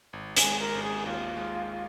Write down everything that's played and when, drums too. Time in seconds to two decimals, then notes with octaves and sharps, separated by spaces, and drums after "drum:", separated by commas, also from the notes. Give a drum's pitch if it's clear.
0.13 G#1
0.37 G#5, drum: hi-hat
0.44 G#3
0.60 A#4
0.75 G#1
0.83 G#4
1.06 D#2 F4
1.37 G#3